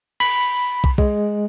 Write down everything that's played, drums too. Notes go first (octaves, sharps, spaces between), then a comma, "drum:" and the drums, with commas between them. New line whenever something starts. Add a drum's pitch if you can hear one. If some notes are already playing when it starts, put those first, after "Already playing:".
B5, drum: cymbal
drum: kick
G#3, drum: kick